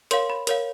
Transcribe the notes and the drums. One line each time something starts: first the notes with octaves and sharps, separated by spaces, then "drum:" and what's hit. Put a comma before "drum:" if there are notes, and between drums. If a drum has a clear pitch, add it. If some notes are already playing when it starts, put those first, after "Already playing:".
A#4 C#5 F5 C6, drum: hi-hat
B5
A#4 C#5 F5, drum: hi-hat